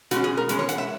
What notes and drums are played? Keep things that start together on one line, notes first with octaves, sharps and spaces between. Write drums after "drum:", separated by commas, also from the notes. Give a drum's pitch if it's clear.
B2 G#3 C#4 F#4, drum: hi-hat
G#4
A#4
B2 G#3 C#4, drum: hi-hat
C#5
F#5, drum: hi-hat
E5